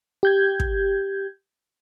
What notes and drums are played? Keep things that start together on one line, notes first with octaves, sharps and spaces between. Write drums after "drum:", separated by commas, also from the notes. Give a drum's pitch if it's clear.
G4 G6 G#6
drum: kick